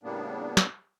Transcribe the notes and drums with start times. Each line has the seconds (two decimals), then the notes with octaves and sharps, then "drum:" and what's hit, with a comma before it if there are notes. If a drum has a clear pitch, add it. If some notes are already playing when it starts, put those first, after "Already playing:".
0.03 A2 C#3 G3 A#3 B3 D4
0.57 drum: snare